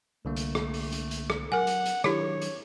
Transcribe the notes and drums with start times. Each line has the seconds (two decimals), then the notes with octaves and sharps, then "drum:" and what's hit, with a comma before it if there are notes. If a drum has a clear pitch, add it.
0.25 C2 D3 A3 A#3
0.36 drum: hi-hat
0.55 drum: rim click
0.74 drum: open hi-hat
0.92 drum: hi-hat
1.11 drum: hi-hat
1.30 drum: rim click
1.52 F#3 A#4 F#5 G#5
1.67 drum: hi-hat
1.86 drum: hi-hat
2.04 D#3 F#3 D4 E4 G4 C#5, drum: rim click
2.42 drum: hi-hat